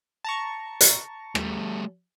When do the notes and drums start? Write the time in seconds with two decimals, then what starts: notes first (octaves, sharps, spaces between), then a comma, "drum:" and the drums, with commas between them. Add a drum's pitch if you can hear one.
0.24 A5 A#5 C#6
0.81 drum: hi-hat
1.35 G3 A3, drum: rim click